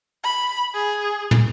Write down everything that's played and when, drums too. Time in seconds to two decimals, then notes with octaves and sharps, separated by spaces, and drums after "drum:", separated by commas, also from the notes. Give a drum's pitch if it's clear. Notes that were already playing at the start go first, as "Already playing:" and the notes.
0.24 B5
0.74 G#4
1.31 drum: tom